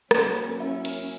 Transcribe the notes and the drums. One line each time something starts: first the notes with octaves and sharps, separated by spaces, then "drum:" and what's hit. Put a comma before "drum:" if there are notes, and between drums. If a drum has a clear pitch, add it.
A#3 C#4, drum: rim click
F#3
C#4 E4
A#4, drum: cymbal